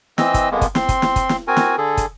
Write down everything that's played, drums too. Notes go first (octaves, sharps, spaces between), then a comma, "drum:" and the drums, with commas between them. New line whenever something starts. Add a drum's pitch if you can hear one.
E3 C4 D#5 E6, drum: snare
drum: kick, hi-hat
F2 G#3 A#3 B3
drum: kick, hi-hat
C4 C6, drum: snare
drum: kick, hi-hat
drum: snare
drum: kick, hi-hat
drum: snare
C4 F#4 A#4 G#5
drum: snare
D3 G#4 A4
drum: kick, hi-hat